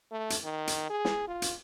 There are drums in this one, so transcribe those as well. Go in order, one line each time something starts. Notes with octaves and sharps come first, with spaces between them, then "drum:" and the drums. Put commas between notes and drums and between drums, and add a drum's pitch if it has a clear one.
A3
drum: hi-hat
D#3
drum: hi-hat
G#4
drum: snare
F4
drum: hi-hat